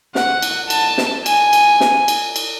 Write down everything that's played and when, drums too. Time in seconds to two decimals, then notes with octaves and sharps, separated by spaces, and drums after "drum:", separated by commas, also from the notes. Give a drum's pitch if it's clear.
0.15 F#5, drum: snare
0.42 drum: cymbal
0.70 A5, drum: cymbal
0.98 drum: snare
1.26 G#5, drum: cymbal
1.53 drum: cymbal
1.80 drum: snare
2.08 drum: cymbal
2.36 drum: cymbal